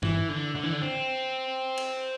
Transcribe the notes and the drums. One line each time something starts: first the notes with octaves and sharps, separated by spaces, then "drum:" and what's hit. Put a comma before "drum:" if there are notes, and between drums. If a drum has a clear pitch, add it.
E3, drum: tom G2
D3
D3
E3
D3
C4
drum: cymbal